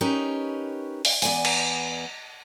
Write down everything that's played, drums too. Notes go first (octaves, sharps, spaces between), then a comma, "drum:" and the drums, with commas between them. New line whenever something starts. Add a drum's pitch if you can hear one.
C#4 D#4 G4 A#4 B4 C#5
drum: open hi-hat
E2 B3 D5 G#5, drum: open hi-hat
drum: cymbal